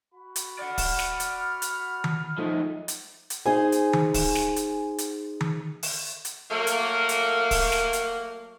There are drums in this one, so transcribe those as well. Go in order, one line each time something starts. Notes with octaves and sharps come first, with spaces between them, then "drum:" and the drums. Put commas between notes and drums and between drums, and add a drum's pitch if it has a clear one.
F#4 B5
drum: hi-hat
D5 F#5 F6
drum: kick, open hi-hat
drum: snare
drum: hi-hat
drum: hi-hat
drum: tom D#3
F#2 F3 G#3 A3 D#4
drum: hi-hat
drum: hi-hat
D#4 G#4 C5 G#5
drum: hi-hat
drum: tom D#3
drum: kick, open hi-hat
drum: snare
drum: hi-hat
drum: hi-hat
drum: tom D#3
drum: open hi-hat
drum: hi-hat
F#3 A3 A#3
drum: hi-hat
drum: hi-hat
drum: kick, open hi-hat
drum: snare
drum: hi-hat